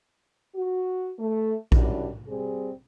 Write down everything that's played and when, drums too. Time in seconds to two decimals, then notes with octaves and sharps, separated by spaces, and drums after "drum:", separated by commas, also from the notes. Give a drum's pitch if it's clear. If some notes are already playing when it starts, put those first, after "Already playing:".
0.55 F#4
1.19 A3
1.72 F#2 G3 D4 E4, drum: kick A#1
2.27 G3 C4 G#4